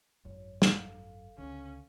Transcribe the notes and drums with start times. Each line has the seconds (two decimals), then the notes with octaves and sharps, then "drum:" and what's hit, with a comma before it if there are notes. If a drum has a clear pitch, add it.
0.25 G#1 F#2 C#5
0.62 A4 F5, drum: snare
1.38 C#2 D3 C#4